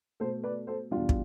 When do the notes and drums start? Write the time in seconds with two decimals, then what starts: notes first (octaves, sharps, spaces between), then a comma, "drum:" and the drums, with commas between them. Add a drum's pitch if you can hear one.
0.20 B2 A3 A4 C5
0.43 B4 D5
0.67 A4 C5
0.91 E2 B2 G3 D4 F4
1.09 drum: kick